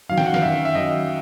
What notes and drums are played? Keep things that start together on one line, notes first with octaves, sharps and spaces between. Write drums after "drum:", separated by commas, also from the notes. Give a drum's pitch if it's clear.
F#2 D#3 F#3 F5
G5, drum: snare
F#5
F5, drum: snare
F#2 D#3 F#3 E5
E5
F#2 D#3 F#3 D#5